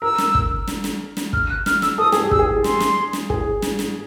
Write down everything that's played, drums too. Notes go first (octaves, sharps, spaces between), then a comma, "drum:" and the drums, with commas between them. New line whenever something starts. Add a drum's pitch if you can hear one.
A#4 E6
drum: snare
drum: kick
drum: snare
drum: snare
drum: snare
F6, drum: kick
F#6
F6, drum: snare
E6, drum: snare
A4 D#6
G#4, drum: snare
G4
E6, drum: kick
G#4
C6, drum: snare
drum: snare
drum: snare
G#4, drum: kick
drum: snare
drum: snare